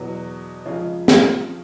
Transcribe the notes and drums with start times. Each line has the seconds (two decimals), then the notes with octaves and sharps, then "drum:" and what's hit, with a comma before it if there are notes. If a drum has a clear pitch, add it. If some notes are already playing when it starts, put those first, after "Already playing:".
Already playing: E2 B2 F#3
0.66 F2 C#3 F3 G#3 C#4
1.08 drum: snare